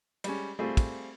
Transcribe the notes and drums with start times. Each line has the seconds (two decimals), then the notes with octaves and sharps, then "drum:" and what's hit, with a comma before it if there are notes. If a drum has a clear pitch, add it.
0.24 G3 G#3 C#4, drum: cymbal
0.59 G3 A3 C4 F4 G#4
0.77 drum: kick, cymbal